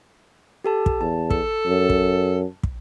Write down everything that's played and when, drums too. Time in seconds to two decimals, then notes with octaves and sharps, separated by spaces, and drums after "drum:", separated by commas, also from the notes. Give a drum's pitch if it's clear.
0.64 G4 A4 A5
0.86 drum: kick
1.01 E2 A5
1.30 A4, drum: kick
1.66 F#2
1.90 drum: kick
2.63 drum: kick